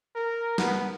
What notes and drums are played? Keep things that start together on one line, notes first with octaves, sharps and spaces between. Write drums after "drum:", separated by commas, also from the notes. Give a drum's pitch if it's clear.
A#4
B3, drum: snare